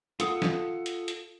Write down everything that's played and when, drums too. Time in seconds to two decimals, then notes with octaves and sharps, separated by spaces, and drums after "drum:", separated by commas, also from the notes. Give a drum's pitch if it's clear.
0.20 F4 A4 F#5 D#6, drum: hi-hat
0.42 drum: snare
0.86 drum: hi-hat
1.08 drum: hi-hat